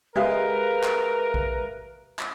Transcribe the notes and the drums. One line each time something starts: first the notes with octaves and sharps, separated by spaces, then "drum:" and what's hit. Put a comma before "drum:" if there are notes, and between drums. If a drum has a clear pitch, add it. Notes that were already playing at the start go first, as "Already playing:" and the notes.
G#3 G4 A#4 B4 E5 F5
drum: clap
drum: kick
drum: clap